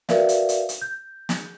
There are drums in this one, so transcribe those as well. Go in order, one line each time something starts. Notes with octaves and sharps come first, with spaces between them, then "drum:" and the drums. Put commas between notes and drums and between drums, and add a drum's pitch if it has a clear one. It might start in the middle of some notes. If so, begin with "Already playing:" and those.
F#4 A#4 B4 D5 E5 F5, drum: snare
drum: hi-hat
drum: hi-hat
drum: hi-hat
G6
drum: snare